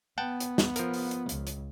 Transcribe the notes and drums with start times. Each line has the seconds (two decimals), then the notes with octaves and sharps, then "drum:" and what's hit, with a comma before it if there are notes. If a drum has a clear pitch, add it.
0.18 B3 F#5 G5 A5
0.40 drum: hi-hat
0.58 drum: snare
0.76 F3 A#4, drum: hi-hat
0.94 drum: open hi-hat
1.11 drum: hi-hat
1.29 C#2, drum: hi-hat
1.47 drum: hi-hat